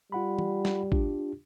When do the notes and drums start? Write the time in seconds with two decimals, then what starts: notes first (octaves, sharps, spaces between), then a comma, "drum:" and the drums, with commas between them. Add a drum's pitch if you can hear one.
0.12 G3 F4 F#5 B5
0.39 drum: tom
0.65 drum: snare
0.92 D4 F4 G4, drum: kick